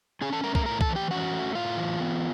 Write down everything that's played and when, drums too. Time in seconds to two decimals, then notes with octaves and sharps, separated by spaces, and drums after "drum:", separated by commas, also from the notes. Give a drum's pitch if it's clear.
0.21 C#4 G#4 G#5
0.33 A4 A5
0.44 A3 A#4 A#5
0.55 A#4 A#5, drum: kick
0.66 A2 A#4 A#5
0.81 A4 A5, drum: kick
0.89 E3
0.96 G4 G5
1.11 C#4 F#4 F#5
1.33 A3
1.55 A2 F4 F5
1.77 E3
2.00 B3